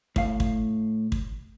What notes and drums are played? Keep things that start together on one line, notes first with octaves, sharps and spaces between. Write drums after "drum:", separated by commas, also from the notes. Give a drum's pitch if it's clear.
A2 F5, drum: kick
drum: kick
drum: kick